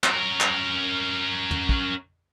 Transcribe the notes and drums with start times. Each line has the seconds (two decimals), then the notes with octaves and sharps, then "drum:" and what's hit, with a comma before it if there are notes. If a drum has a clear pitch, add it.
0.04 C#4 A#4, drum: clap
0.40 drum: clap
1.51 drum: tom
1.69 drum: kick